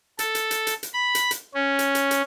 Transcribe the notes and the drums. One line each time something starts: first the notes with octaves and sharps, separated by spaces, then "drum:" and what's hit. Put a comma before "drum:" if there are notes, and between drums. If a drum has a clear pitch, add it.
A4, drum: hi-hat
drum: hi-hat
drum: hi-hat
drum: hi-hat
drum: hi-hat
B5
drum: hi-hat
drum: hi-hat
C#4
drum: hi-hat
drum: hi-hat
drum: hi-hat